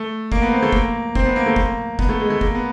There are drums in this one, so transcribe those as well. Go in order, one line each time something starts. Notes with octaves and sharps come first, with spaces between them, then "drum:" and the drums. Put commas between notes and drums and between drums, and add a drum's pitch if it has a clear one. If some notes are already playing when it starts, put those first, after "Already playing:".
Already playing: A3
A#3, drum: kick
B3
C4
A3
A#3, drum: kick
C4, drum: kick
B3
A#3
A3
A#3, drum: kick
B3, drum: kick
A3
G#3
A3
A#3, drum: kick
B3